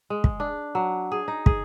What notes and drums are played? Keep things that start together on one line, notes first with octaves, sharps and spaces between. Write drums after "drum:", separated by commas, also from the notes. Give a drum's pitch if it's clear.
G#3
drum: kick
D4
F#3
G#4
D#4
G#4, drum: kick